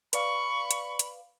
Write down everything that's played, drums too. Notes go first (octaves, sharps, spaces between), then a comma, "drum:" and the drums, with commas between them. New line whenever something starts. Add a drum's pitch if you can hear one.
B4 D5 F5 B5 C#6, drum: hi-hat
drum: hi-hat
drum: hi-hat